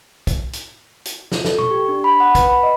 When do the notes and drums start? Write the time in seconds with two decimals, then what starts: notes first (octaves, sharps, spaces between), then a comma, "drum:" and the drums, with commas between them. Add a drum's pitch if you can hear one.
0.27 drum: kick, hi-hat
0.53 drum: hi-hat
1.05 drum: hi-hat
1.32 drum: snare
1.45 A4, drum: snare
1.58 C#6, drum: tom A#2
1.71 G4
1.89 D4
2.04 B5
2.20 F#5
2.35 B4, drum: kick, hi-hat
2.49 B5
2.63 D#5